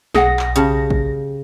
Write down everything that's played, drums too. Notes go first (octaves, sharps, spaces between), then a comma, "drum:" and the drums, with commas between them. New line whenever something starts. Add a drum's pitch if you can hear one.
B1 G#4 F#5 A#6, drum: snare
drum: clap
C#3 G4 A5
drum: kick